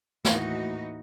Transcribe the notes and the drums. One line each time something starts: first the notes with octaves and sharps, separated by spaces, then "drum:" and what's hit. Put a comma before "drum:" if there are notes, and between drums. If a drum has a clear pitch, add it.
D#2 A2 E3 D#4 F#4, drum: snare